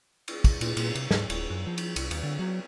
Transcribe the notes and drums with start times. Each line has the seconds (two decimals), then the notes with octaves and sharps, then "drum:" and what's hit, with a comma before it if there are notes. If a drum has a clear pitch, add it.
0.28 drum: cymbal
0.44 drum: kick, cymbal
0.61 A#2, drum: cymbal
0.77 A#2, drum: cymbal
0.95 C3, drum: cymbal
1.11 G#2, drum: snare
1.30 D1, drum: cymbal
1.50 F#2
1.67 F3
1.78 drum: cymbal
1.96 C2, drum: cymbal
2.11 D#2, drum: cymbal
2.23 D3
2.39 F#3